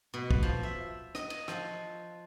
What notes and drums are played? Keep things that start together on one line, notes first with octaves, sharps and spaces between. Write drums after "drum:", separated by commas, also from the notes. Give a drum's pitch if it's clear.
B2
drum: kick
F3
E5
D#5, drum: rim click
drum: cymbal
F3, drum: rim click